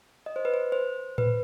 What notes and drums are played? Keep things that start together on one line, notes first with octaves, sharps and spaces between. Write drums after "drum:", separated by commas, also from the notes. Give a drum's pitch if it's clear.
D#5
C5
B4
C5
C5
B4, drum: tom A2